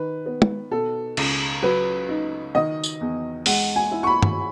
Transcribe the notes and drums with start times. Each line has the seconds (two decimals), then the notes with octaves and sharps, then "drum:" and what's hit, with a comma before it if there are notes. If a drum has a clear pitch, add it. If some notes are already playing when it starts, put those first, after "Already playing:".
Already playing: D#3 B4
0.26 B3
0.42 drum: tom
0.71 B2 A4
1.17 C#2, drum: cymbal
1.63 F#3 B4
2.09 D#4
2.55 D#3 D#5
2.84 drum: tambourine
3.01 E2
3.46 G#3 F#5, drum: open hi-hat
3.76 G#5
3.92 E4
4.03 C#6
4.07 B5
4.23 drum: tom